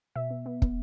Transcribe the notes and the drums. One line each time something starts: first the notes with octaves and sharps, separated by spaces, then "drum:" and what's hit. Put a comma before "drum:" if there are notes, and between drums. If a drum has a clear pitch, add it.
B2 E5
B3
B3
B3, drum: kick